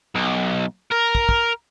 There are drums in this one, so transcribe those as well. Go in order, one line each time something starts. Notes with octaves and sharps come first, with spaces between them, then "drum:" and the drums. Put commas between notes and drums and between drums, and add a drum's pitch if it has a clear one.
B1
A#4
drum: kick
drum: kick